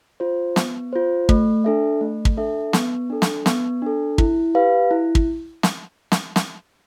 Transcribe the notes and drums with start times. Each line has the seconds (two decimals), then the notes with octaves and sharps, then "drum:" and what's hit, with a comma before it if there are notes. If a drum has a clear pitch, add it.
0.20 F4 C5
0.56 B3, drum: snare
0.93 F4 C5
1.29 A3, drum: kick
1.64 D4 A4 E5
2.01 A3
2.25 drum: kick
2.37 D4 A4 E5
2.73 B3, drum: snare
3.10 D4 A4
3.22 drum: snare
3.46 B3, drum: snare
3.82 D4 A4
4.18 E4, drum: kick
4.55 G4 B4 F5
4.91 E4
5.15 drum: kick
5.63 drum: snare
6.12 drum: snare
6.36 drum: snare